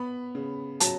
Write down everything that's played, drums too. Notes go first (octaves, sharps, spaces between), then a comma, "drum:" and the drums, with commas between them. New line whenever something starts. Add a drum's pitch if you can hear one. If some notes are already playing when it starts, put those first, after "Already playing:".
Already playing: B3 B5
C#3
F#3 A5, drum: hi-hat